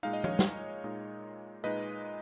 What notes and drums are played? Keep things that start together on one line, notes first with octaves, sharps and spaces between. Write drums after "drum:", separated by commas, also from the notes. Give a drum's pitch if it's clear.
A#2 G#3 D#4 F5
D#5
C#5 F5, drum: tom F3
drum: snare
A#2 G#3 D#4
A#2 G#3 D#4 B4 D#5